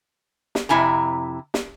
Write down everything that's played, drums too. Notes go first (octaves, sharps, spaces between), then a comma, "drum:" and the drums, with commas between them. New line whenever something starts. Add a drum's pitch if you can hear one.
drum: snare
F2 C3 E4 G#5 A#5
drum: snare